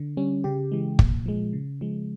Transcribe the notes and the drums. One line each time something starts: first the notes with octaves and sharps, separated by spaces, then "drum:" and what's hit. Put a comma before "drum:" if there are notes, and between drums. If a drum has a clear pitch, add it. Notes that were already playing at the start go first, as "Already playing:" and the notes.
Already playing: D3
G3 C#4
C#3 G4
E3 G#3
A#2, drum: kick
F3 G#3
C#3
F3 G#3